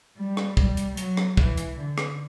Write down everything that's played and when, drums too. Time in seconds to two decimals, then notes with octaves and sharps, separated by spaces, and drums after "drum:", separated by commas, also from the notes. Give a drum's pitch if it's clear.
0.18 G3
0.37 drum: rim click
0.57 G3, drum: kick
0.77 drum: hi-hat
0.97 F#3, drum: hi-hat
1.17 drum: rim click
1.37 E3, drum: kick
1.57 drum: hi-hat
1.78 D3
1.98 drum: rim click